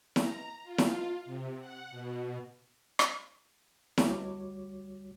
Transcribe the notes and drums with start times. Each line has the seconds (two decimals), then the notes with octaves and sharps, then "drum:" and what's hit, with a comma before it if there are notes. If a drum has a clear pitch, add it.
0.16 A#5, drum: snare E4
0.63 F4
0.78 drum: snare E4
1.25 C3
1.59 F#5
1.90 B2
2.99 drum: rim click
3.98 D2 G3 F#4 C#5 D6, drum: snare E4